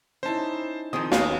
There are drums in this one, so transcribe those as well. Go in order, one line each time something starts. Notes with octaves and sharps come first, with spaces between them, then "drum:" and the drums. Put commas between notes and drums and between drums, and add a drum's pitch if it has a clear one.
C#4 D#4 E4 C5 A5
D#3 F3 C4 G#4 A#4 D#6
D#2 F#3 B3 F5 B5, drum: snare